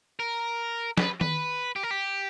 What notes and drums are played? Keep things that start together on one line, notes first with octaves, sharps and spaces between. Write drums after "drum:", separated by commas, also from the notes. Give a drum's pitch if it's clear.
A#4
B4, drum: snare
B4, drum: tom D#3
G4
A#4
G4